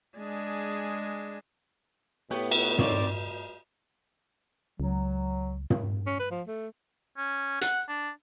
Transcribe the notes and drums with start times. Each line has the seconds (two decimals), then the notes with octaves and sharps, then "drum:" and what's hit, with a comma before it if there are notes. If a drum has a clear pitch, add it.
0.18 G#3 D4 G#4
2.31 A2 B3 G4 C#5
2.51 drum: cymbal
2.79 D#3 C4 C#5 D5, drum: tom
4.80 C#2 F#3
5.70 drum: tom
6.06 C#4
6.19 B4
6.31 F3
6.47 A3
7.17 C#4
7.61 F#5, drum: hi-hat
7.89 D4